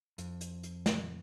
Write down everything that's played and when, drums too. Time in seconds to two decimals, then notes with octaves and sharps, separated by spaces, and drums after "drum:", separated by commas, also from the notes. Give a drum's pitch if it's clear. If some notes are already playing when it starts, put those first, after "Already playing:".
0.18 F2, drum: hi-hat
0.41 drum: hi-hat
0.63 drum: hi-hat
0.86 drum: snare